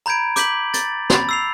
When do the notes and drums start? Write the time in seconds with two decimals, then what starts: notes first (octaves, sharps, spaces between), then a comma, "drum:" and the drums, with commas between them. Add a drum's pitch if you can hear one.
0.06 A#5 B5 G6 G#6 D7
0.36 D6 G6 B6 F#7, drum: hi-hat
0.74 A6, drum: hi-hat
1.10 B5 A6, drum: snare
1.29 E6 C7 F7